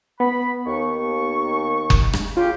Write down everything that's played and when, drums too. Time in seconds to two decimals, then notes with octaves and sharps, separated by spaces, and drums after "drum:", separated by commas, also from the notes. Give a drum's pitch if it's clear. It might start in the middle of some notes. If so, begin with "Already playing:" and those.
0.20 B3 B5
0.66 D#2 C#6
1.90 drum: kick F#1
2.13 drum: rim click
2.37 C#3 F4 G4